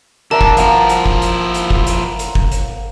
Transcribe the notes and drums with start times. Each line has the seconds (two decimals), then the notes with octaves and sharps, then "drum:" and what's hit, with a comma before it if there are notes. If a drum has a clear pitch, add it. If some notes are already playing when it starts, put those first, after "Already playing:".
0.31 D3 A#4 E5 A5
0.41 drum: kick
0.57 F3 E4 F5 F#5 A#5, drum: hi-hat
0.89 drum: hi-hat
1.06 drum: kick
1.22 drum: hi-hat
1.54 drum: hi-hat
1.71 drum: kick
1.87 drum: hi-hat
2.19 drum: hi-hat
2.35 drum: kick
2.52 drum: hi-hat